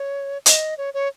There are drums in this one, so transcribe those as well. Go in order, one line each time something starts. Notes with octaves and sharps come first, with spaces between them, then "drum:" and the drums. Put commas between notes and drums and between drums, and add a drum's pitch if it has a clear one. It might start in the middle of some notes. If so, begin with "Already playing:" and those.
Already playing: C#5
D#5, drum: hi-hat
C#5
C#5